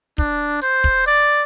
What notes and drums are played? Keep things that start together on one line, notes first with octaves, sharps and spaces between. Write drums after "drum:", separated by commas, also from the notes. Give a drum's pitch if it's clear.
D4, drum: kick
C5
drum: kick
D5